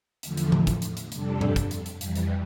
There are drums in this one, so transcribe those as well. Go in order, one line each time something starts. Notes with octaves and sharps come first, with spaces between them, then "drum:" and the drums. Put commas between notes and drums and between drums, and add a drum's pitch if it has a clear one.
E2 D3 F3 A3, drum: hi-hat
drum: hi-hat
drum: tom A2
drum: kick, hi-hat
drum: hi-hat
drum: hi-hat
F2 C3 G3 D4 A4, drum: hi-hat
drum: tom G2
drum: kick, hi-hat
drum: hi-hat
drum: hi-hat
F2 E3 G3, drum: hi-hat
drum: hi-hat